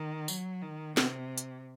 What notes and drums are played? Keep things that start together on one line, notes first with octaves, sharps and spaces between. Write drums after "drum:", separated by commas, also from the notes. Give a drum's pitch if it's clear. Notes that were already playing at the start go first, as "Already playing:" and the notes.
Already playing: D#3
F#3, drum: tambourine
D#3
C3, drum: snare
drum: hi-hat